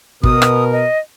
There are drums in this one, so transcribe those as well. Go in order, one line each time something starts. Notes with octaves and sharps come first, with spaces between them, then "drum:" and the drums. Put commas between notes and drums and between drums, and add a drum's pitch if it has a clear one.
B2 A#4 D#6, drum: kick
drum: rim click
D#5